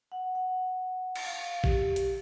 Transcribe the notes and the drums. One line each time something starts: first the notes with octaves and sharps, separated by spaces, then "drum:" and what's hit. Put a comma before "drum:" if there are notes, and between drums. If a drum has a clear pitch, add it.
F#5
F#5
drum: cymbal
F5
G4, drum: kick
drum: hi-hat